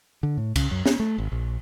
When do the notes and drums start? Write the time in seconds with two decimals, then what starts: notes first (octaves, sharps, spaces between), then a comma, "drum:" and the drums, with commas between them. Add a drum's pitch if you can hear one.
0.23 D3
0.37 A2
0.56 C#3, drum: kick C2, cymbal
0.71 F#2
0.86 B3, drum: snare
1.00 A3
1.18 G#1
1.32 A#1